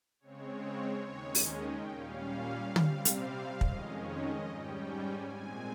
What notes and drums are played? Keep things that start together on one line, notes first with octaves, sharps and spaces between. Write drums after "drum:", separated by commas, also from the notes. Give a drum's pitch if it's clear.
C#3 G#3 C4 C#5
D#2 D#3 G#3 C#4 C#5
D#5, drum: open hi-hat
G5
A#2 G3 C#4 F5
C3 G3 C4, drum: tom
drum: hi-hat
F2 D#3 G#3 C#4 D#5, drum: kick
C#5
D#5
G#2 G3 C#4 G5
G5
G#5
A#2 G#3 C4